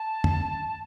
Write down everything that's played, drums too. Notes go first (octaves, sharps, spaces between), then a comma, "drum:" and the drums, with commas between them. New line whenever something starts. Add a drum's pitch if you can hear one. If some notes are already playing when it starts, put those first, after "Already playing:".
Already playing: A5
drum: tom